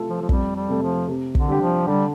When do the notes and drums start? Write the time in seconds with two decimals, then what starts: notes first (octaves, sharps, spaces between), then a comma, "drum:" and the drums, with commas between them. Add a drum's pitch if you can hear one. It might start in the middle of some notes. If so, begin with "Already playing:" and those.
Already playing: C3 A3 F4 A4
0.10 F3
0.21 F3
0.29 F2 G3, drum: kick
0.55 G3
0.69 C3 A3
0.83 F3
1.08 C3
1.35 D3, drum: kick
1.48 G3 D4 G4
1.61 F3
1.87 D3 G3